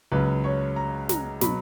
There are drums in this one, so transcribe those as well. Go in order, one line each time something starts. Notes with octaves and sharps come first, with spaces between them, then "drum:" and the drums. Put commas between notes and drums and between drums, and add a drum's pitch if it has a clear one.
C#2 C#3 F#3 B4
C#5
A#5
A#5, drum: snare
B2 F#3 B5, drum: snare